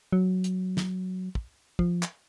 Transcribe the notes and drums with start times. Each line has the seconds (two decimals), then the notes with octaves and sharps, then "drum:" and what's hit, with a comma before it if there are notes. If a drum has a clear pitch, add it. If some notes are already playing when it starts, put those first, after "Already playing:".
0.13 F#3
0.44 drum: hi-hat
0.77 drum: snare
1.35 drum: kick
1.79 F3, drum: kick
2.03 drum: clap